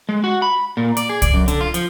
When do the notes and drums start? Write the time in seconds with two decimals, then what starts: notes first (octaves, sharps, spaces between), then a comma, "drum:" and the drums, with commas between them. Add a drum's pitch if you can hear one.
0.09 G#3
0.24 F#4
0.42 B5
0.77 A#2
0.97 D5, drum: hi-hat
1.09 G#4
1.22 D5, drum: kick C2, hi-hat
1.34 F#2
1.48 D3, drum: hi-hat
1.61 F4
1.74 F3, drum: hi-hat